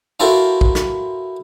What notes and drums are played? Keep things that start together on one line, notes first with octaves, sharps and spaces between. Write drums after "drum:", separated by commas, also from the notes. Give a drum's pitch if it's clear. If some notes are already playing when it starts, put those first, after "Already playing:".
E4 F#4 A4 A#4 C5 F5
drum: kick A#1
drum: snare